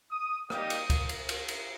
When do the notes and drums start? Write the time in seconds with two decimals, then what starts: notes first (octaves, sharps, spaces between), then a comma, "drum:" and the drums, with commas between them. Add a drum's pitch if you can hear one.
0.11 D#6
0.50 G3 A#3 D#4 G4 D#6, drum: rim click
0.70 drum: cymbal
0.90 drum: kick C#2, cymbal
1.09 drum: cymbal
1.29 drum: cymbal
1.48 drum: cymbal